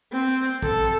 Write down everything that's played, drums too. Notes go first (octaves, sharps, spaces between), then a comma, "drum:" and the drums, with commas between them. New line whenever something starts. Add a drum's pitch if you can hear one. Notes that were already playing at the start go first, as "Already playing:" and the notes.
C4
A4, drum: kick